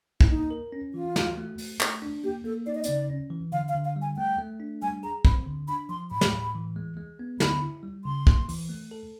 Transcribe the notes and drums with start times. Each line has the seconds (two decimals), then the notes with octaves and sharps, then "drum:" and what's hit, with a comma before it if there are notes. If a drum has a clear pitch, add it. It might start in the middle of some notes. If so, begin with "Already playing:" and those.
0.21 E4, drum: kick
0.29 A#3 D#4
0.51 A#4
0.72 C#4
0.94 E3 F4
1.16 F#4, drum: snare
1.37 A3
1.58 A3, drum: open hi-hat
1.81 A3, drum: clap
2.02 D4
2.24 A#3 G4
2.44 A#3 A4
2.66 D#4 D5
2.75 D#5
2.84 C#3 D5, drum: hi-hat
3.10 C#4
3.30 E3
3.52 D3 F5
3.68 F5
3.75 D3
3.84 F5
3.96 G3
4.02 G#5
4.17 A3 G5
4.38 A3
4.60 D4
4.82 G3 G#5
5.03 G#4 A#5
5.25 C4 B5, drum: kick
5.46 D3
5.68 D4 B5
5.89 F3 C6
6.11 A2 B5
6.21 drum: snare
6.33 A2
6.55 E3
6.76 G#3
6.97 G#3
7.19 B3
7.40 D3 B5, drum: snare
7.61 E4
7.83 G3
8.05 C#3 C6
8.27 A#3, drum: kick
8.49 E3, drum: open hi-hat
8.69 A3
8.91 A4